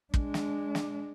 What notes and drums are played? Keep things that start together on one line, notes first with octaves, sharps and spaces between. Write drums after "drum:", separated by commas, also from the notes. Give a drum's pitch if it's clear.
G#3 D4, drum: kick
drum: snare
drum: snare